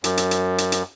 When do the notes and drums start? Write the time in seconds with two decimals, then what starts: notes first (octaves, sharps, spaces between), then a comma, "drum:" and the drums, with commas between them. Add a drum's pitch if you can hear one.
0.04 F#2, drum: hi-hat
0.17 drum: hi-hat
0.31 drum: hi-hat
0.58 drum: hi-hat
0.72 drum: hi-hat